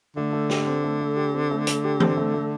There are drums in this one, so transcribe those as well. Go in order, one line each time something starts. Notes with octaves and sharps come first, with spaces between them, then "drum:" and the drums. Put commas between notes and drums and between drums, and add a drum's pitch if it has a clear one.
D3 A3
A3
G4, drum: snare
C4
A3
A3
G4
C4
A3
A3, drum: hi-hat
G4
C4, drum: tom E3
A3
A3